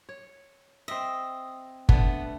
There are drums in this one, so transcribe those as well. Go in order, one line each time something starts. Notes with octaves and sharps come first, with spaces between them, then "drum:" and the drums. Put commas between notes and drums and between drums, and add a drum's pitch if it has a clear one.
C#5
C4 D#5 E5
D3 A3 B3, drum: kick G1